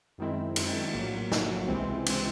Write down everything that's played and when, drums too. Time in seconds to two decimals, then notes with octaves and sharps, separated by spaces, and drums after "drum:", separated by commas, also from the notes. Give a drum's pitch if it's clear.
0.18 F#2 D#3 G#3 C4 E4
0.56 F#2 D#3 G#3 C4 E4, drum: cymbal
0.93 A#1 A2 F#3 A#3
1.32 A#1 A2 F#3 A#3, drum: snare
1.68 C#2 C3 E3 G#3 C4
2.06 C#2 C3 E3 G#3 C4, drum: cymbal